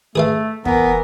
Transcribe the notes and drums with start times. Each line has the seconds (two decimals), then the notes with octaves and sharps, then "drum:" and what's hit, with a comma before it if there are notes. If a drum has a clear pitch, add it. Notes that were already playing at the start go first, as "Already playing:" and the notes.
0.16 A3 G#4 B4 F5
0.65 E3 B3 A#4, drum: kick